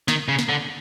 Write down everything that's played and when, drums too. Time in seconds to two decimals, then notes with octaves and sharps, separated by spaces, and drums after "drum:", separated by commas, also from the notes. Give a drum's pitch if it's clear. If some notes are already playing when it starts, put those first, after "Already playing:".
0.08 D#3, drum: snare
0.28 C#3
0.39 drum: snare
0.49 D3